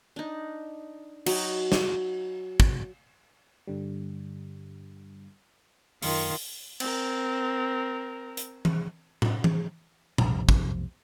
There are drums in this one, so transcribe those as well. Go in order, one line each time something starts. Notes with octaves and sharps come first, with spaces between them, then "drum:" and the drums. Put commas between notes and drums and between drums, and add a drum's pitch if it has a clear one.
D4 D#4
F#3 D#4 F#4, drum: cymbal
drum: snare
drum: kick
G2 D3 G3
F#2 D#3 F4 C6 C#7, drum: open hi-hat
C4 A#4, drum: cymbal
drum: hi-hat
drum: tom E3
drum: tom
drum: tom E3
F1 B1 C3 F3, drum: tom A#2
drum: kick